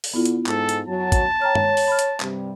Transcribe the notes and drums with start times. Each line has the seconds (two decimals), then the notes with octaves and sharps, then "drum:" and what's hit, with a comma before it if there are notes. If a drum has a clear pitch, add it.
0.04 drum: open hi-hat
0.14 D3 B3 E4 F4
0.25 drum: hi-hat
0.47 G#2 A4, drum: clap
0.69 drum: hi-hat
0.87 F#2 F#3 A5
1.12 drum: kick, hi-hat
1.42 C#5 G5 A#5 F6
1.55 drum: tom
1.77 drum: open hi-hat
1.88 B5 F6
1.99 drum: hi-hat
2.20 G2 C3 G3, drum: clap